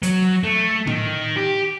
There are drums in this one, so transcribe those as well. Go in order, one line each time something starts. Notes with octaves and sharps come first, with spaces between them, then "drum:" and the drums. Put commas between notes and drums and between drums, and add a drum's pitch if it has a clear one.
F#3, drum: hi-hat
A3
D#3, drum: tom A2
G4